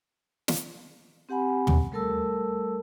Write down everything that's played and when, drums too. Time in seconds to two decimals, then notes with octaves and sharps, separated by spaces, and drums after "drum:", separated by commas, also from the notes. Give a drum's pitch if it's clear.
0.48 drum: snare
1.29 C4 G4 F#5 G#5 B5
1.67 drum: tom
1.92 G3 A3 A4 A#4 A5 E6